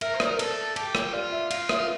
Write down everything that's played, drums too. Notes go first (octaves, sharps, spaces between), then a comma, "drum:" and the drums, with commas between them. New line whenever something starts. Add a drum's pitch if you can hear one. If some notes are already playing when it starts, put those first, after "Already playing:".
A#4 E5, drum: cymbal
C5
D5, drum: rim click
A#4
A4, drum: cymbal
G4, drum: cymbal
drum: rim click
F4 D5
E5
F4, drum: cymbal
E5, drum: rim click